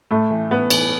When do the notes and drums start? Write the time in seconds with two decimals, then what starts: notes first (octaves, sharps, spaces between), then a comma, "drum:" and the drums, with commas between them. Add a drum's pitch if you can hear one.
0.11 A2 A3
0.30 E3
0.50 A2 B3
0.70 E3, drum: cymbal